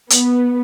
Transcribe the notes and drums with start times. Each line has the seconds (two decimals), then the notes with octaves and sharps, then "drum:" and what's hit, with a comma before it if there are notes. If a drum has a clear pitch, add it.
0.10 B3, drum: hi-hat